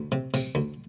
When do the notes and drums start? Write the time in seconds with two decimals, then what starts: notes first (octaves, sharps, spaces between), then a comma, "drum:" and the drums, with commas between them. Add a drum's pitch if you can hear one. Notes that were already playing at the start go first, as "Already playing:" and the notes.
Already playing: D2
0.12 C3
0.34 C3, drum: tambourine
0.55 D2